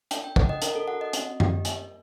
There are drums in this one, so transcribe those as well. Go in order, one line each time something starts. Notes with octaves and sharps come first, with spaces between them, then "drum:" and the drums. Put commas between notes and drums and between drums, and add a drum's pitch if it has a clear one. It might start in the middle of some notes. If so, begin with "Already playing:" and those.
D4 G5, drum: hi-hat
G5
A4 F#5, drum: kick
D#5
D4 A#4, drum: hi-hat
A4
F#4 F#5
D#5
C4, drum: hi-hat
G4, drum: tom F#2
A#3, drum: hi-hat